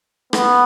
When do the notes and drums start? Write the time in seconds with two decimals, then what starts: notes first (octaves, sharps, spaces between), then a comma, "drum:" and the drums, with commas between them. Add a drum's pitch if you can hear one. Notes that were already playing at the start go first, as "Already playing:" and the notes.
0.33 B3, drum: rim click